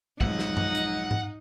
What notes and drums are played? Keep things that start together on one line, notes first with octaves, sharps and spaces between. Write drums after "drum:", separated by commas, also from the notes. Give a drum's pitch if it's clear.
B1 F2 G#2 D#4 F#5, drum: kick
drum: snare
drum: tom F#2
drum: hi-hat
drum: tom G#2